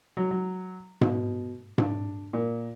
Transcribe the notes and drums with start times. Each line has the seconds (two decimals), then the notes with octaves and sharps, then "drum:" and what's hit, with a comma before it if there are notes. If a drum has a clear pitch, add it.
0.17 F#3
0.31 F#3
1.01 B2, drum: tom G#2
1.78 D4, drum: tom G#2
2.33 A#2